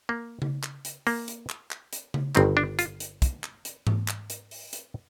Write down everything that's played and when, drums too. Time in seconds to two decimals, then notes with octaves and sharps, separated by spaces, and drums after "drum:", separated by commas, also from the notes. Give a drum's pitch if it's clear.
0.09 A#3
0.42 drum: tom C#3
0.63 drum: clap
0.85 drum: hi-hat
1.07 A#3, drum: open hi-hat
1.28 drum: hi-hat
1.49 drum: clap
1.71 drum: clap
1.93 drum: hi-hat
2.14 drum: tom C#3
2.35 G1 G2 D#3 C4, drum: clap
2.57 D4
2.79 F4, drum: hi-hat
3.00 drum: hi-hat
3.22 drum: kick, hi-hat
3.43 drum: clap
3.65 drum: hi-hat
3.87 drum: tom G#2
4.08 drum: clap
4.30 drum: hi-hat
4.51 drum: open hi-hat
4.73 drum: hi-hat